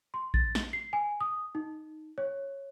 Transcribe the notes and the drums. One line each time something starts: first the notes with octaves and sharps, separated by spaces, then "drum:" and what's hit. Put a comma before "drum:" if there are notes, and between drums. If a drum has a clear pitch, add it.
C6
A6, drum: kick A#1
drum: snare
C7
G#5
D#6
D#4
C#5